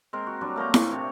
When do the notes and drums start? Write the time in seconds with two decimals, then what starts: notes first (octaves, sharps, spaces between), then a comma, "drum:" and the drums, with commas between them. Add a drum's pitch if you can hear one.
0.13 G#3 C4 A#4
0.27 F#4
0.41 F#3 G3 D4
0.56 A3 A#3 G5 A#5
0.74 A#2 A3 C4, drum: snare E4
0.89 C3 C#5 D6